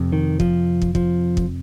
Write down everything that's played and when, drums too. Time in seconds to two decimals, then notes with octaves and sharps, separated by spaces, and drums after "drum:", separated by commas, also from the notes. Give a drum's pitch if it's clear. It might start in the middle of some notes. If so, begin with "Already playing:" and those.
Already playing: F2 C3
0.12 D#3
0.40 F3, drum: kick
0.82 drum: kick
0.95 F3, drum: kick
1.37 drum: kick